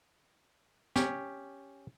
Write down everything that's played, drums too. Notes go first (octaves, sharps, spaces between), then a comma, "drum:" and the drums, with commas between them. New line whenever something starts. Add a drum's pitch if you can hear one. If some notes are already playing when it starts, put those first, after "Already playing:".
C#4 G4, drum: snare